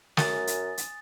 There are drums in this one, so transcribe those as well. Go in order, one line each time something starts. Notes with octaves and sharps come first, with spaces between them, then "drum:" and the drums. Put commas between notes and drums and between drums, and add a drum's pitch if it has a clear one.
F#2 G#5 D#6 A6, drum: snare
drum: hi-hat
drum: hi-hat